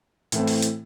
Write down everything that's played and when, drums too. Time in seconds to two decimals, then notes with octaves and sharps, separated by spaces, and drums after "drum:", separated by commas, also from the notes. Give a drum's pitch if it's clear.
0.32 A2 E3 A3 C4, drum: hi-hat
0.47 drum: open hi-hat
0.62 drum: hi-hat